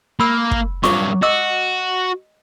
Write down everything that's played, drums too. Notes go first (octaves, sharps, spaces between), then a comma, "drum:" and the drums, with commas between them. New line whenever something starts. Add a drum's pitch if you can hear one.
A#3 B5 E6
drum: kick
G2 F#3 C#6 D6, drum: snare F4
F#4 D#5 D6 E6